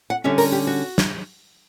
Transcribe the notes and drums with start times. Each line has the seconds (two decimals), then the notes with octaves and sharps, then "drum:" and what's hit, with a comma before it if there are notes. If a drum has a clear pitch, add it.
0.10 F#5
0.24 D3 G3 C#4 E5
0.38 A#4, drum: open hi-hat
0.52 G4
0.67 F#4
0.98 drum: snare